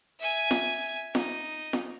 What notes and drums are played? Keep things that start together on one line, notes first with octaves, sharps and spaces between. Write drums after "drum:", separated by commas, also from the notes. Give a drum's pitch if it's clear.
E5 G#5
drum: snare F4
D#4, drum: snare F4
drum: snare F4